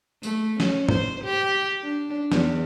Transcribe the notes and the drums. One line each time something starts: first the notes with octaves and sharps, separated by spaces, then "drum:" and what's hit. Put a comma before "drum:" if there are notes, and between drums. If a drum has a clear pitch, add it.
A3, drum: tambourine
C#4, drum: snare
C5, drum: tom G#2
G4
D4
E2, drum: snare